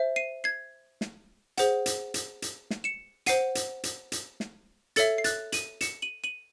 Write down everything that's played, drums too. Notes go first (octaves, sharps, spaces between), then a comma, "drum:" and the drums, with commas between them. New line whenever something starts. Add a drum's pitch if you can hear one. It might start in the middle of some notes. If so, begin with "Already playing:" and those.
Already playing: C5 E5
C7 D#7
G#6 C7
drum: snare
G#4 C5 F#5, drum: hi-hat
drum: hi-hat
drum: hi-hat
drum: hi-hat
drum: snare
C#7 E7
C5 F#5 C7 D#7, drum: hi-hat
drum: hi-hat
drum: hi-hat
drum: hi-hat
drum: snare
A4 C#5 E5 A6 C#7, drum: hi-hat
C7
F#6 A6, drum: hi-hat
D#7 F#7, drum: hi-hat
C#7 E7, drum: hi-hat
D#7 F#7
D#7 F#7